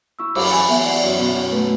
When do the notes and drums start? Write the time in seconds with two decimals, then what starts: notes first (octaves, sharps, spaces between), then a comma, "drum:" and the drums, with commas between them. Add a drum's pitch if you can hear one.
0.19 E4 C#6 E6
0.35 F#2 B5 D6, drum: cymbal
0.52 E3 G#5 B5
0.69 B3 E5 G#5
0.85 E4 D5 F#5
1.02 F#2 C#5 E5
1.19 B2
1.35 B2 C#5
1.52 A3 B4